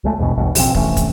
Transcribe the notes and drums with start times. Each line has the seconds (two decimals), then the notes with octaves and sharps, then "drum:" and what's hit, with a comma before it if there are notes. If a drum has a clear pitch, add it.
0.04 C#2 G#3 A3
0.18 A#1 E2 G2 B2
0.37 B1 E2 G2 B2
0.55 A1 B2 F3 C4, drum: open hi-hat
0.75 C3 E3 A3 C#4, drum: kick
0.97 drum: kick, hi-hat